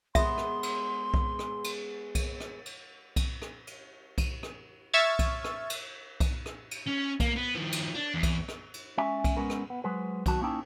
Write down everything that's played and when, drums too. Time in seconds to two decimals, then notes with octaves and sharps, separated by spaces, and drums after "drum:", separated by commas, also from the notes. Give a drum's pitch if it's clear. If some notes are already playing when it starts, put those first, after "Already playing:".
0.15 G#3 B3 E5 C6, drum: kick B1, cymbal
0.38 drum: rim click
0.63 drum: cymbal
1.14 drum: kick B1
1.39 drum: rim click
1.64 drum: cymbal
2.15 drum: kick B1, cymbal
2.40 drum: rim click
2.66 drum: cymbal
3.16 drum: kick B1, cymbal
3.42 drum: rim click
3.67 drum: cymbal
4.18 drum: kick B1, cymbal
4.43 drum: rim click
4.94 E5 C#6 E6 F6 G#6 A6
5.19 drum: kick B1, cymbal
5.44 drum: rim click
5.70 drum: cymbal
6.20 drum: kick B1, cymbal
6.46 drum: rim click
6.71 drum: cymbal
6.86 C#4
7.20 A#3, drum: kick B1, cymbal
7.36 B3
7.55 D#3 F3
7.72 drum: cymbal
7.95 D4
8.14 E2
8.23 drum: kick B1, cymbal
8.48 drum: rim click
8.74 drum: cymbal
8.98 G#3 C#4 E5 G#5
9.24 drum: kick B1, cymbal
9.37 G#3 B3 C#4 A#4
9.50 drum: rim click
9.70 B3
9.84 F#3 G#3 B4 C5
10.26 D#3 F#3 F#4 A5, drum: kick B1, cymbal
10.41 A#3 C#4 D#4 E4 G5 A5